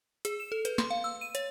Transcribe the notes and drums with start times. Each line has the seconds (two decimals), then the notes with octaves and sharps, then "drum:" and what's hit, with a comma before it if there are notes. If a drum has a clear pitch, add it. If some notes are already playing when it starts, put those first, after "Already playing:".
0.25 G#4, drum: hi-hat
0.40 E7
0.52 A4
0.65 B4, drum: hi-hat
0.78 C6, drum: snare
0.90 F5
1.04 E6
1.21 D#7
1.35 C#5, drum: hi-hat